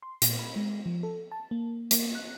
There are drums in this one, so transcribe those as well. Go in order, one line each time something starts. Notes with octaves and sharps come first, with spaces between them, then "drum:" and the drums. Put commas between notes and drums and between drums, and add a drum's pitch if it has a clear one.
C6
A#2, drum: hi-hat
B5
G#3
F3
A4
A5
A#3
A#3, drum: hi-hat
F#6